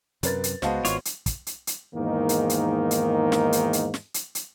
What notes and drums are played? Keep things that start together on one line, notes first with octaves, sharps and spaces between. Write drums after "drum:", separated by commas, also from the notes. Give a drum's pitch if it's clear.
F#2 C3 A#4 B4 A6, drum: hi-hat
drum: hi-hat
C#2 G#3 B3 F#4 C5 D#5 F5 A5, drum: snare
G#1 F4 C#5, drum: hi-hat
drum: hi-hat
drum: kick, hi-hat
drum: hi-hat
drum: hi-hat
E2 G#2 D#3 A#3 D#4
drum: hi-hat
drum: hi-hat
drum: hi-hat
drum: snare
drum: hi-hat
drum: hi-hat
drum: snare
drum: hi-hat
drum: hi-hat